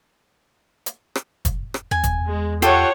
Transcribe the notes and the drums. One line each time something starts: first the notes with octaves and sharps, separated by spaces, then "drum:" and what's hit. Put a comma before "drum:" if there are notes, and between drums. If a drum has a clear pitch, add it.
drum: hi-hat
drum: rim click
drum: kick, hi-hat
drum: rim click
E2 G#5
drum: kick, hi-hat
G#3
F4 G4 A4 C#5 F#5, drum: hi-hat